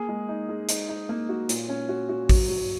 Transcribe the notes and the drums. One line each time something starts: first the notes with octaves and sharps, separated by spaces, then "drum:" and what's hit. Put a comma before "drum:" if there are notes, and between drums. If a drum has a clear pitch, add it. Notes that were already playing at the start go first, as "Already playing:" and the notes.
Already playing: A#3 G#4
G#3
D#4
G#3
D#4, drum: hi-hat
D#4
A#3
F#4
A#2, drum: hi-hat
C#4
F#4
F#4
F#3, drum: kick A1, open hi-hat
F#3